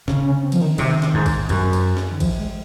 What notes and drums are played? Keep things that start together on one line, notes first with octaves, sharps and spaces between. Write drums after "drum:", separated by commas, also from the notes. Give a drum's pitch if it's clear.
C#3, drum: snare
C#4
C4
F3, drum: cymbal
D#3
C3 D#3, drum: cymbal
drum: snare
G#2
drum: kick, cymbal
F#2, drum: cymbal
drum: cymbal
drum: snare
D#3
F3, drum: kick, cymbal
G#3